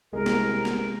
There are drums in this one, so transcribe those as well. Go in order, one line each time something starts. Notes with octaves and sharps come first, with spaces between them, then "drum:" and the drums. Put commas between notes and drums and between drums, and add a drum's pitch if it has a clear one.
C2 G#3 A#4
drum: snare
drum: snare